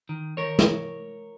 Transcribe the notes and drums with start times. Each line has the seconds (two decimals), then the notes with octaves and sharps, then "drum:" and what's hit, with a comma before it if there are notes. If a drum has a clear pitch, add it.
0.09 D#3
0.37 D#3 A#4 C#5
0.59 drum: snare